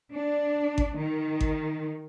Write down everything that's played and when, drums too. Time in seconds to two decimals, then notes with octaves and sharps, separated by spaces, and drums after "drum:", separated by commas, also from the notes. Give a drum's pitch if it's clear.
0.15 D4
0.78 drum: kick G#1
0.98 D#3
1.41 drum: kick G#1